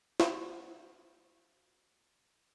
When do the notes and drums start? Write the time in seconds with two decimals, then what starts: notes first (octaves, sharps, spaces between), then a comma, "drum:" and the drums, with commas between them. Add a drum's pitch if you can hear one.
0.20 F4 F#4 C5 F#5, drum: snare